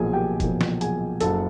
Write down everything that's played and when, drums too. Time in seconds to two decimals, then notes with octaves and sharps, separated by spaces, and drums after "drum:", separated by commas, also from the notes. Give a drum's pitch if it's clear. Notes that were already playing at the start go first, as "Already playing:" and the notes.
Already playing: B1 A#2 F3 G#4 G#5
0.13 G4 G5
0.40 B1 A#2 F3, drum: kick, hi-hat
0.61 drum: snare
0.81 G#4 G#5, drum: hi-hat
1.21 F#1 F#2 C#3 A4 A5, drum: hi-hat